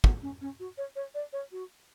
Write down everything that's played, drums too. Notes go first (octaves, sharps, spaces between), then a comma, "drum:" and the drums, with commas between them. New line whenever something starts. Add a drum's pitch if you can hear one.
B3, drum: kick
C#4
C#4
F#4
C#5
C#5
D5
C#5
F#4